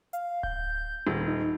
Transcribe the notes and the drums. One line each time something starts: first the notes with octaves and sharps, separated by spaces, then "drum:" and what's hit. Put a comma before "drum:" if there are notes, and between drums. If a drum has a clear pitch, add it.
F5, drum: hi-hat
G6, drum: kick D1
D#1
D#4